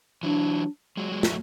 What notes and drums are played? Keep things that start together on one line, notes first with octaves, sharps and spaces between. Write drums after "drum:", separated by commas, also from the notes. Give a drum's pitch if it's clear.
E3 F#3 D4
F#3 G#3
G#3
A3, drum: snare